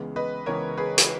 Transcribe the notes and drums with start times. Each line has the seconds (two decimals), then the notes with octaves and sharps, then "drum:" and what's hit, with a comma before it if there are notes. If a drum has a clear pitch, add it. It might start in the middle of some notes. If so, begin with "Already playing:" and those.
Already playing: C#2 C#3 E3 G#3 B3
0.16 B4 D#5
0.46 C#2 C#3 E3 G#3 B3 A#4 C#5
0.77 G#4 B4
0.98 drum: hi-hat